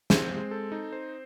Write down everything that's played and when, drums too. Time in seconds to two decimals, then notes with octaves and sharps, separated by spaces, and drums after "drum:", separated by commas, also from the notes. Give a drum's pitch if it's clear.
0.10 C4 C5, drum: snare
0.31 G#3
0.51 A4
0.72 D#4
0.92 C5